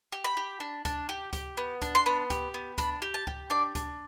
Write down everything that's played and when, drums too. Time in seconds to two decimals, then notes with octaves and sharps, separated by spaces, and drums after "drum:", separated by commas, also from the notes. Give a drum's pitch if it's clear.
0.12 G4
0.24 B5
0.37 G4
0.60 D4
0.85 D4, drum: kick C#2, hi-hat
1.09 G4
1.33 G4, drum: kick C#2, hi-hat
1.57 B3
1.82 D4, drum: kick C#2, hi-hat
1.95 C6
2.06 B3 B5
2.30 G4, drum: kick C#2, hi-hat
2.54 B3
2.78 D4 B5, drum: kick C#2, hi-hat
3.02 G4
3.14 A5
3.27 G4, drum: kick C#2
3.50 D4 D5
3.75 D4, drum: kick C#2, hi-hat